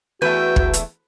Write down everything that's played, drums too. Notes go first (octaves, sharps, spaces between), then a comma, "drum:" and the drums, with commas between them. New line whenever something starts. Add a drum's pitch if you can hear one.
E2 A3 F#4 B4 E5 G5
drum: kick
drum: hi-hat